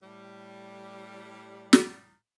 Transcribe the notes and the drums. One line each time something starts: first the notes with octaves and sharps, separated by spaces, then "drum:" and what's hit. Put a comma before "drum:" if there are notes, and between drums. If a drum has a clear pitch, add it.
A2 G3
drum: snare